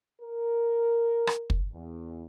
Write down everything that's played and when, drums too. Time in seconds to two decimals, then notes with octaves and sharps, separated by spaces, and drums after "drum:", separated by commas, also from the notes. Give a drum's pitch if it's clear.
0.21 A#4
1.27 drum: rim click
1.50 drum: kick
1.72 E2